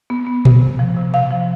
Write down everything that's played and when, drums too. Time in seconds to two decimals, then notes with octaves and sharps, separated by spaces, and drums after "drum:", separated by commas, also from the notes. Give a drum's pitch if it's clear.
0.10 B3
0.27 B3
0.45 C3, drum: tom A#2
0.62 C3
0.79 F3
0.96 C3
1.14 C3 F5
1.31 F3